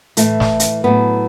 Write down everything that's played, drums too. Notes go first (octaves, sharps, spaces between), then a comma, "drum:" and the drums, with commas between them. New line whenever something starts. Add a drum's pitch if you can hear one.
A2 E3 A3, drum: hi-hat
drum: snare
drum: hi-hat
A2 F#3 B3